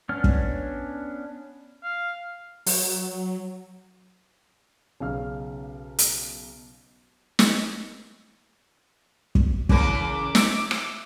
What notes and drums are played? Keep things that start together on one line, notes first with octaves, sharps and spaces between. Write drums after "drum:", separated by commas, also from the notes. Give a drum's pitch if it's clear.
B3 C#4 D4 F6
drum: kick
F5
F#3, drum: open hi-hat
B1 C#3 F5 F6
drum: hi-hat
drum: snare
drum: kick
C#3 E3 A#4 D6, drum: kick
E5, drum: snare
drum: rim click